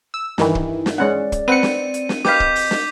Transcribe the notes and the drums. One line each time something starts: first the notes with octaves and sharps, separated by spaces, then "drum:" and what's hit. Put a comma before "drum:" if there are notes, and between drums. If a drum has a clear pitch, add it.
E6
G2 D#3 E3 E4, drum: snare
drum: kick
drum: snare
G#3 C#4 D5 F#5
drum: kick, hi-hat
C4 B4 F#5 C#7 D#7
drum: snare
drum: hi-hat
drum: snare
G4 B4 D#5 F5 D6 G6 B6, drum: snare
drum: kick
drum: open hi-hat
drum: snare